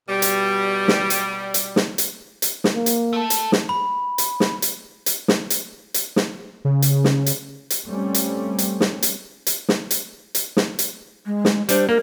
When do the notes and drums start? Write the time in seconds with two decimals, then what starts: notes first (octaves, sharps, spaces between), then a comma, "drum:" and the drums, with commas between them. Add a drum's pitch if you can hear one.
0.09 B2 G3
0.22 drum: hi-hat
0.88 drum: snare
1.10 drum: hi-hat
1.54 drum: hi-hat
1.76 drum: snare
1.98 drum: hi-hat
2.42 drum: hi-hat
2.64 drum: snare
2.74 A#3
2.86 drum: hi-hat
3.13 A3 A4
3.30 drum: hi-hat
3.52 drum: snare
3.69 B5
4.18 drum: hi-hat
4.40 drum: snare
4.62 drum: hi-hat
5.06 drum: hi-hat
5.28 drum: snare
5.50 drum: hi-hat
5.94 drum: hi-hat
6.16 drum: snare
6.65 C#3
6.82 drum: hi-hat
7.04 drum: snare
7.26 drum: hi-hat
7.70 drum: hi-hat
7.86 G3 A3 C4 C#4
8.14 drum: hi-hat
8.58 drum: hi-hat
8.80 drum: snare
9.03 drum: hi-hat
9.47 drum: hi-hat
9.69 drum: snare
9.91 drum: hi-hat
10.35 drum: hi-hat
10.57 drum: snare
10.79 drum: hi-hat
11.26 G#3
11.45 drum: snare
11.69 G3 D4 C5, drum: hi-hat
11.89 A#3 A#4